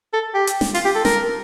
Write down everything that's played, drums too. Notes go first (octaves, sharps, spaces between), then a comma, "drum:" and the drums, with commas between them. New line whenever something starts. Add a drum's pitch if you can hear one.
A4
G4
drum: hi-hat
drum: snare
F4, drum: open hi-hat
G4
A4
A#4, drum: snare